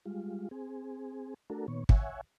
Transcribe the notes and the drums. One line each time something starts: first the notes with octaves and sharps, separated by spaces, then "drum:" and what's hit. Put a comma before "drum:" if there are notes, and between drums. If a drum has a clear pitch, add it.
G3 G#3 F4
C4 G#4
A3 D4 F#4 A4 A#4
A#2 D#3 B3 C#5
C#5 E5 F#5 G#5, drum: kick